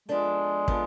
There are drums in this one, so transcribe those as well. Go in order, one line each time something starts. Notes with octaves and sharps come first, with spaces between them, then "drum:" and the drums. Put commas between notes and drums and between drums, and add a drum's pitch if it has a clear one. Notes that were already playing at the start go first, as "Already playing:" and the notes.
F3 G#3 B3 D4 A4 D5
F3 B3 D4 A4 D5, drum: kick